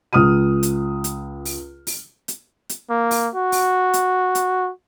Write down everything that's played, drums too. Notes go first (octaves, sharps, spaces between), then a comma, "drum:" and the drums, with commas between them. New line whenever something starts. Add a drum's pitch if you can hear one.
C#2 D#6 F6 D#7
drum: hi-hat
drum: hi-hat
drum: open hi-hat
drum: open hi-hat
drum: hi-hat
drum: hi-hat
A#3
drum: open hi-hat
F#4
drum: open hi-hat
drum: hi-hat
drum: hi-hat